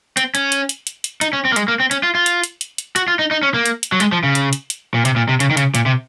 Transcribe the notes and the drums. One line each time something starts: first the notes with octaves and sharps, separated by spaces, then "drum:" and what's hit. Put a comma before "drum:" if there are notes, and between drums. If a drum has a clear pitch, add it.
C4, drum: hi-hat
C#4, drum: hi-hat
drum: hi-hat
drum: hi-hat
drum: hi-hat
drum: hi-hat
D#4, drum: hi-hat
C#4
C4
A#3
G#3, drum: hi-hat
A#3
C4
C#4, drum: hi-hat
F4
F4
drum: hi-hat
drum: hi-hat
drum: hi-hat
drum: hi-hat
F#4, drum: hi-hat
F4
D#4
D#4
C#4
A#3
drum: hi-hat
drum: hi-hat
F#3
G#3, drum: hi-hat
F3
C#3
drum: hi-hat
drum: hi-hat
drum: hi-hat
A#2
C3, drum: hi-hat
A#2
C3
C#3, drum: hi-hat
D#3
C#3, drum: hi-hat
A#2, drum: hi-hat
C3